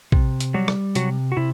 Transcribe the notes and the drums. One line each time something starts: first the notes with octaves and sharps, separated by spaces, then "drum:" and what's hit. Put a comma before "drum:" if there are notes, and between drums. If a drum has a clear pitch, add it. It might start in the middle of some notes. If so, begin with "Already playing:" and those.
C3, drum: kick A#1
drum: hi-hat
F#3 G3 F#4
drum: rim click
C3 F#3 F#4, drum: hi-hat
F#4
C3 E4